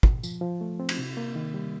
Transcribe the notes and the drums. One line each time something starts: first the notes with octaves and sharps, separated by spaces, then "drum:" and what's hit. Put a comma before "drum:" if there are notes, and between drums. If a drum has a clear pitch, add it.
drum: kick
F3, drum: tambourine
F3
A3
C4
drum: cymbal
C3
A#3
D#3
G3